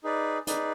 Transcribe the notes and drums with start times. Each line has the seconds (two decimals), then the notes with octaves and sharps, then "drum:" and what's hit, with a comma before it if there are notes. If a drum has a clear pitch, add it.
0.04 D#4 G#4 B4 D5
0.47 D#4 G#4 B4 D5, drum: hi-hat